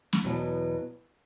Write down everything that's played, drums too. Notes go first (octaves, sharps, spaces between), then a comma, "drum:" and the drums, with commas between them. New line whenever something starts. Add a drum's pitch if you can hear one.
drum: snare
E2 B2 F#3 B3